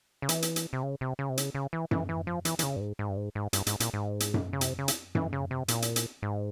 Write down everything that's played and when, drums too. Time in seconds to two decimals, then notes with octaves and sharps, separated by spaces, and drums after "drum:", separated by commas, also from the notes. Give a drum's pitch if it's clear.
0.22 C#3
0.29 E3, drum: hi-hat
0.42 drum: hi-hat
0.56 drum: hi-hat
0.73 C3
0.83 C#3
1.01 C3
1.19 C#3
1.29 C3
1.37 C#3, drum: hi-hat
1.55 C#3
1.73 E3
1.91 E3, drum: tom F#2
2.09 E3
2.27 F3
2.45 E3, drum: hi-hat
2.59 E3, drum: hi-hat
2.63 C#3
2.76 G2
2.80 G#2
2.99 G#2
3.10 G2
3.17 G#2
3.35 G#2
3.53 G2, drum: hi-hat
3.67 G#2, drum: hi-hat
3.80 A#2, drum: hi-hat
3.94 G#2
4.20 drum: hi-hat
4.34 drum: tom F#2
4.53 C#3
4.61 C3, drum: hi-hat
4.79 C#3
4.88 drum: hi-hat
5.15 E3, drum: tom F#2
5.33 C#3
5.51 C3
5.68 A#2, drum: hi-hat
5.82 drum: hi-hat
5.96 drum: hi-hat
6.22 G#2